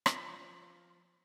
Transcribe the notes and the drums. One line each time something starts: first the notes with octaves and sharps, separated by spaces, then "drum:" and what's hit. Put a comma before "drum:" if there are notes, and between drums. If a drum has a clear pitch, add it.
F3 F4, drum: rim click